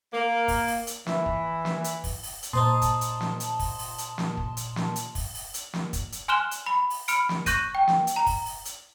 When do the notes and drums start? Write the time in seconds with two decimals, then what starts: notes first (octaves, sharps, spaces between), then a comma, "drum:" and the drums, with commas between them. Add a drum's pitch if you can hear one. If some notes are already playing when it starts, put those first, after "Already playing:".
0.13 A#3
0.48 drum: kick, open hi-hat
0.68 drum: open hi-hat
0.87 drum: hi-hat
1.06 E3, drum: snare
1.26 drum: kick
1.65 drum: snare
1.84 drum: hi-hat
2.04 drum: kick, open hi-hat
2.23 drum: open hi-hat
2.43 drum: hi-hat
2.53 A#2 D#4 C5 D#5 A5 C6
2.82 drum: kick, hi-hat
3.01 drum: hi-hat
3.21 drum: snare
3.40 drum: hi-hat
3.59 drum: kick, open hi-hat
3.79 drum: open hi-hat
3.98 drum: hi-hat
4.18 drum: snare
4.37 drum: kick
4.57 drum: hi-hat
4.76 drum: snare
4.96 drum: hi-hat
5.15 drum: kick, open hi-hat
5.35 drum: open hi-hat
5.54 drum: hi-hat
5.73 drum: snare
5.93 drum: kick, hi-hat
6.12 drum: hi-hat
6.28 G#5 C6 F6 F#6 E7 G7
6.51 drum: hi-hat
6.66 B5
6.90 drum: open hi-hat
7.08 B5 F6 C#7 D7, drum: hi-hat
7.29 drum: snare
7.46 C#6 F#6 G6 A#6 D#7, drum: kick, hi-hat
7.75 G5
7.88 drum: snare
8.07 drum: hi-hat
8.16 A#5
8.26 drum: kick, open hi-hat
8.46 drum: open hi-hat
8.65 drum: hi-hat